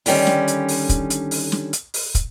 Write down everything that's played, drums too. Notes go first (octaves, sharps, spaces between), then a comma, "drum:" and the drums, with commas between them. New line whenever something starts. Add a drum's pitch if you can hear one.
D3 D#3 G3 C#4, drum: open hi-hat
drum: snare
drum: hi-hat
drum: open hi-hat
drum: kick, hi-hat
drum: hi-hat
drum: open hi-hat
drum: snare
drum: hi-hat
drum: open hi-hat
drum: kick, hi-hat